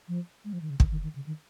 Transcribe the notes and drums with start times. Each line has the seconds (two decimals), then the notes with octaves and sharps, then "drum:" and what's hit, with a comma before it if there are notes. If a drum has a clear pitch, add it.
0.08 F3
0.44 G#3
0.53 F3
0.62 D#3
0.70 C#3
0.80 D#3, drum: kick
0.91 D#3
1.03 D#3
1.15 C#3
1.26 D#3